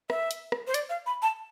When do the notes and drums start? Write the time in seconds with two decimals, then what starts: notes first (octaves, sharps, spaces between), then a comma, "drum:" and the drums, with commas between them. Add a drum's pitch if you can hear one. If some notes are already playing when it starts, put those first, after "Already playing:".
0.10 E5, drum: rim click
0.31 drum: hi-hat
0.52 drum: rim click
0.67 C5
0.74 D5, drum: hi-hat
0.90 F5
1.06 B5
1.22 A5